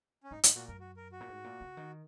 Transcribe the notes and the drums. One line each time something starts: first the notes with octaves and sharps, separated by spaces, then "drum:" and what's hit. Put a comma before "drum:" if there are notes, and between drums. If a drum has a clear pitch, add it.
C#4
G#2 D#4
G#2 D#4, drum: hi-hat
A#2 F#4
F#2 A#4
F#4
A#4
F#4
A#2
G#2
A#2
C#3
D#3